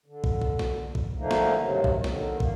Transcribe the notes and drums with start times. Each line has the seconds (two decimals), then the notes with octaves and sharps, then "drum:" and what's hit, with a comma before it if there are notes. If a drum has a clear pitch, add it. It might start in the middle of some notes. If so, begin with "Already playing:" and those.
0.06 D3
0.24 drum: kick
0.42 drum: kick
0.59 drum: snare
0.95 drum: kick
1.18 A#2 D3 F3 A3 A#3 D#4
1.31 drum: snare
1.59 G2 C3 D#3 F#3
1.84 drum: kick
2.04 D3 D#3, drum: snare
2.40 A#3, drum: kick